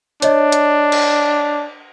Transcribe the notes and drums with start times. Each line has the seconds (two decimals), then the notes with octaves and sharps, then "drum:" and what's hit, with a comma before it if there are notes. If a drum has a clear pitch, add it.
0.22 D4 C#5 D#5, drum: hi-hat
0.52 drum: hi-hat
0.92 drum: cymbal